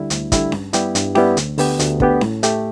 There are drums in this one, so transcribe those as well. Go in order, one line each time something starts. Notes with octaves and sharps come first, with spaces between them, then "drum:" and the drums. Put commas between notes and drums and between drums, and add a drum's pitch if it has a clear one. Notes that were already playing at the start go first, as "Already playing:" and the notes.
Already playing: D2 D3 G3 E4
D2, drum: hi-hat
D3 G3 E4, drum: kick, hi-hat
G2, drum: snare C#4
G3 B3 E4 G4, drum: hi-hat
G2, drum: hi-hat
G3 B3 E4 G4, drum: snare C#4
D2, drum: hi-hat
D3 B3 G4, drum: open hi-hat
D2, drum: hi-hat
D3 B3 G4, drum: kick
A2, drum: snare C#4
A3 G4, drum: hi-hat